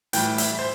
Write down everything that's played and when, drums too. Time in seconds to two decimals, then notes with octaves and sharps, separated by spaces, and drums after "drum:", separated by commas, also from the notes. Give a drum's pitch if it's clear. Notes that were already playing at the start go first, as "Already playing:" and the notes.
0.13 A2 E3 G3 G5, drum: hi-hat
0.38 E5, drum: hi-hat
0.59 C5